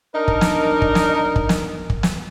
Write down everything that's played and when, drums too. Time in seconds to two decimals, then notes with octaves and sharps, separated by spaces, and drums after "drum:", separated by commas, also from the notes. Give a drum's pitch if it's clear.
0.14 D4 D#4 A#4
0.28 drum: kick
0.41 drum: snare
0.82 drum: kick
0.95 drum: snare
1.36 drum: kick
1.49 drum: snare
1.90 drum: kick
2.03 drum: snare